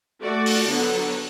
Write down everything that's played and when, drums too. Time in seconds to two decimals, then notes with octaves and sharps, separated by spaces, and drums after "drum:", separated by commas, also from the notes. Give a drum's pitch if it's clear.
0.21 A3 F#4 D5
0.46 drum: open hi-hat
0.67 D3 F#3 B3